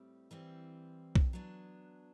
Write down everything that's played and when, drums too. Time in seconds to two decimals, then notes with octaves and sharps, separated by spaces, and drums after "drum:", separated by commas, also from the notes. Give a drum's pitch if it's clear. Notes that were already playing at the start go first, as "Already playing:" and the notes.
Already playing: A2 G3 C4
0.31 E3 G3 C4
1.15 drum: kick B1
1.33 F#3 B3 D4